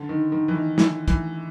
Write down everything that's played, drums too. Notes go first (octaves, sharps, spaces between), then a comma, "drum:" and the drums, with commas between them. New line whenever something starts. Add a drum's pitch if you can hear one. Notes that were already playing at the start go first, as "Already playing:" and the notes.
Already playing: D3
D#3
D#3
E3
D#3
E3, drum: snare
E3, drum: kick, hi-hat